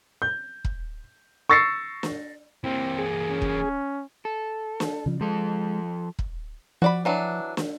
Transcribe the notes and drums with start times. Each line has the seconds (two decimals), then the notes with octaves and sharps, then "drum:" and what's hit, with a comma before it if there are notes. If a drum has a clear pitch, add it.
0.22 G6
0.64 drum: kick
1.49 C#6 E6 A6 A#6 C7 C#7
2.03 drum: snare
2.64 E3 A#3 C4
2.98 G#4
3.30 C#4
3.42 drum: kick
4.25 A4
4.80 drum: snare
5.06 C#3 F3
5.21 F3 G#3 A4
6.19 drum: kick
6.82 F3 F#4 D5 B5
7.05 E3 F#3 D4
7.57 drum: snare